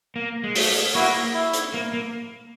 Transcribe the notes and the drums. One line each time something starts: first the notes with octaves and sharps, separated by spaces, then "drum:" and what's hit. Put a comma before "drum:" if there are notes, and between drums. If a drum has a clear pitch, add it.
A#3
G#3
A3, drum: open hi-hat
A#3 E4 F#4
E4
drum: hi-hat
A#3
A#3